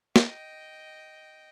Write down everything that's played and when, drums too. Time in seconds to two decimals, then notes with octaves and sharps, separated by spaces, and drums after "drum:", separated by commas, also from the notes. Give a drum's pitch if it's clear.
0.16 D#5 G5, drum: snare